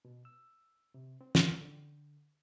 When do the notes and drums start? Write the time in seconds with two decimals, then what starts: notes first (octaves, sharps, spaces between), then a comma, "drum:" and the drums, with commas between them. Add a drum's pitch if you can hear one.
0.05 B2
0.25 E6
0.94 C3
1.21 C4
1.35 A#2, drum: snare
1.61 D3